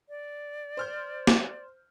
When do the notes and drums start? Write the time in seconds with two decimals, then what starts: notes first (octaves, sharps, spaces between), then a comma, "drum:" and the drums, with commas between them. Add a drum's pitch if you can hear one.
0.09 D5
0.77 C5 F6 G6
1.27 drum: snare